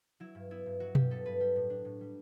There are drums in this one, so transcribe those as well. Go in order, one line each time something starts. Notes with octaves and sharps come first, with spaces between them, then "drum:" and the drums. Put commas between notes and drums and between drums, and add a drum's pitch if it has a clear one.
F#3 E4
G2
B3 E4
G2
F#3 F#4
G2 G4, drum: tom B2
B3 A4
G2 B4
G3 G4
A2
D4
A2
G3